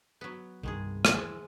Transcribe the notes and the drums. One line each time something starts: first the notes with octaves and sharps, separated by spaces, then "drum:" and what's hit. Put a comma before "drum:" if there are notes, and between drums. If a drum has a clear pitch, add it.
F#3 B3
C2 G2 D#3 G#3 G#4
drum: rim click
E3 G#3